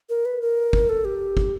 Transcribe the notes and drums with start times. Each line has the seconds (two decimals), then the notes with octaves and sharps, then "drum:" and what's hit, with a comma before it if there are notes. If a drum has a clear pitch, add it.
0.09 A#4
0.25 B4
0.42 A#4
0.73 drum: kick
0.89 A4
1.05 G4
1.37 drum: kick